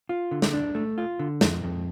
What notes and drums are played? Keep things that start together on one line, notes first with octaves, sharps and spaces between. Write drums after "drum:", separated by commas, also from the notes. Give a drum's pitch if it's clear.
F4
D3
drum: snare
D4
A3
F4
D3
F2, drum: snare
F2